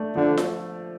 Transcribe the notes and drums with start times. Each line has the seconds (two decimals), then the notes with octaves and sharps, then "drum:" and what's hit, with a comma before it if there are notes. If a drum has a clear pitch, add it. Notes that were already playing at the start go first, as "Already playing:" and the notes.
Already playing: A3 D4
0.15 D3 F3
0.37 drum: snare F4